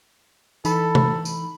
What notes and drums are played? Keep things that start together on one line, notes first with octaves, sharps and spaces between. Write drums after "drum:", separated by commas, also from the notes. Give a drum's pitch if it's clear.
E3 D#4 A4 B5, drum: tambourine
drum: tom C3
drum: tambourine